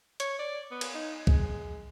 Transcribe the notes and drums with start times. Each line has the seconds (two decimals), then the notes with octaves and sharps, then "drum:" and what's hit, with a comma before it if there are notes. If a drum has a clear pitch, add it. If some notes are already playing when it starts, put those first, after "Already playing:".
0.20 C#5, drum: hi-hat
0.39 D5
0.71 B3
0.81 drum: cymbal
0.94 D#4
1.27 G#3, drum: kick